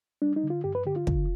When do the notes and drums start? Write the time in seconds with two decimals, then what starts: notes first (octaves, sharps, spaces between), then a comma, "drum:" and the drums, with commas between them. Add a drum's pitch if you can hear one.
0.22 G3 D4
0.36 D#4
0.44 D3
0.50 F4
0.64 G2 G4
0.75 B4
0.86 D3 G4
0.96 F4
1.07 D3, drum: kick